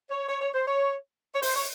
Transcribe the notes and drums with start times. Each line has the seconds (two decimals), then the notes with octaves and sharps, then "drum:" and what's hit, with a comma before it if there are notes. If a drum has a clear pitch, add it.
0.11 C#5
0.29 C#5
0.41 C#5
0.54 C5
0.68 C#5
1.35 C#5
1.42 C5, drum: open hi-hat
1.56 C#5